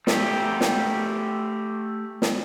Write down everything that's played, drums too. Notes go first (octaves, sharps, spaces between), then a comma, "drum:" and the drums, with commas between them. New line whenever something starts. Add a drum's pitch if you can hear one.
A3 G4, drum: snare
drum: snare
drum: snare